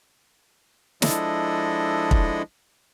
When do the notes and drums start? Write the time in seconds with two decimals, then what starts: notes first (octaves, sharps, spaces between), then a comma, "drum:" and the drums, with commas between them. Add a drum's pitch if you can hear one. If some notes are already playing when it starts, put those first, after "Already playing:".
1.02 F3 G#3 D4 E4 A4 D#5, drum: snare
2.11 drum: kick